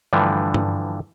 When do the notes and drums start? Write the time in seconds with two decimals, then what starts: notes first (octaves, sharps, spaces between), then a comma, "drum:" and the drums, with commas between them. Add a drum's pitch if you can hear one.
0.13 G2 D3 E3 F3 A3
0.54 drum: tom G2